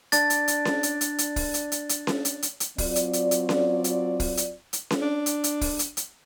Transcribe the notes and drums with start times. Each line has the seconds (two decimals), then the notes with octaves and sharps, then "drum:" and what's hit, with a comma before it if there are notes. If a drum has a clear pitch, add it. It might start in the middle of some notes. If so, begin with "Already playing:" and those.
0.12 D4 A6, drum: hi-hat
0.30 drum: hi-hat
0.48 drum: hi-hat
0.65 drum: snare C#4
0.83 drum: hi-hat
1.01 drum: hi-hat
1.18 drum: hi-hat
1.36 drum: kick, open hi-hat
1.54 drum: hi-hat
1.72 drum: hi-hat
1.89 drum: hi-hat
2.07 drum: snare C#4
2.25 drum: hi-hat
2.42 drum: hi-hat
2.60 drum: hi-hat
2.78 F#3 C4 F4 D5, drum: kick, open hi-hat
2.96 drum: hi-hat
3.13 drum: hi-hat
3.31 drum: hi-hat
3.49 drum: snare C#4
3.84 drum: hi-hat
4.20 drum: kick, open hi-hat
4.37 drum: hi-hat
4.73 drum: hi-hat
4.91 drum: snare C#4
5.02 D4
5.26 drum: hi-hat
5.44 drum: hi-hat
5.61 drum: kick, open hi-hat
5.79 drum: hi-hat
5.97 drum: hi-hat